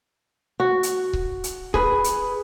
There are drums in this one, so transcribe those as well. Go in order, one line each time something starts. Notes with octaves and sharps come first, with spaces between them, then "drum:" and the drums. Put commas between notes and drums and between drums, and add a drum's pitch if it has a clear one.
F#4
drum: hi-hat
drum: kick C#1
drum: hi-hat
G#4 B4, drum: kick C#1
drum: hi-hat